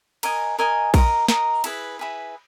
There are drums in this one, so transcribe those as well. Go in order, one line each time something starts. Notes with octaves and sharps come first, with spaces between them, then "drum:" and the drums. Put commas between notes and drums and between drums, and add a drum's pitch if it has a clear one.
A#4 D#5 G#5 D#6, drum: cymbal
A#4 D#5 G#5 D#6
A#4 D#5 A#5 D#6, drum: kick A#1, cymbal
A#4 D#5 A#5 D#6, drum: snare
E4 G#4 B4, drum: cymbal
E4 G#4 B4